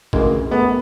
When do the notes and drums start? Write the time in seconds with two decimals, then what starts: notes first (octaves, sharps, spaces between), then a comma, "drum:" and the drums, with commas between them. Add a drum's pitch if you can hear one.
0.13 D2 C#3 E3 G#3 A#3, drum: kick A1
0.51 E1 A3 B3